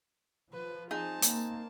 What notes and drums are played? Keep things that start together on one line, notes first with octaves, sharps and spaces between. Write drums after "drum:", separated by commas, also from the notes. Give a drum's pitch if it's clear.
F3 B4
C4 D#4 G#4 A5
A#3, drum: hi-hat